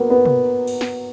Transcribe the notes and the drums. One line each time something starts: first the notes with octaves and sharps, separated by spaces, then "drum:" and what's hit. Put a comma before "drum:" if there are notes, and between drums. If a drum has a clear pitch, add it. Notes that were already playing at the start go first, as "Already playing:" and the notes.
Already playing: F#3 A#3 B3
B3
drum: tom
drum: cymbal
drum: snare